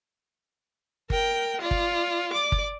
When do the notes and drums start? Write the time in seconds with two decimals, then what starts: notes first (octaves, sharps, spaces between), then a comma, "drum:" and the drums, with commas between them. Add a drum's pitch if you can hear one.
1.10 A#4 G5, drum: kick G1
1.61 F4 D5
1.71 drum: kick G1
2.32 D5 D6
2.52 drum: kick G1